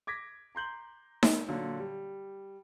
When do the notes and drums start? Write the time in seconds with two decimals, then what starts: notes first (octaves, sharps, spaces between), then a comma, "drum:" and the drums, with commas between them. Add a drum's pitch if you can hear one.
0.07 D6 G#6 A#6 B6
0.55 A#5 C6 G6 F#7
1.23 drum: snare D#4
1.48 A#2 D3 F#3 F4 C#5
1.80 G3